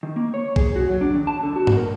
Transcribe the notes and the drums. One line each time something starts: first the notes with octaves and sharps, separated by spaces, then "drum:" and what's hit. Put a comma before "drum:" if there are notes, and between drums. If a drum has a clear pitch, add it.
D#3
A#3
C#5
G#4, drum: kick
F#4
F#3
D4
D#3
A5
D3
F#4
drum: tom G2
A#4